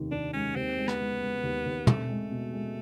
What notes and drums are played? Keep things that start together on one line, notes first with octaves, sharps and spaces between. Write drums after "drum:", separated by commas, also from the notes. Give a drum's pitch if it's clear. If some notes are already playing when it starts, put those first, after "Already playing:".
Already playing: F1 D#2 D#3
D#3 D4
G#3 C#4
D#2 C4
G#3
B3, drum: rim click
G#3
G#3
D#2
D#2
A3 C4, drum: tom
G#3
B2
G#3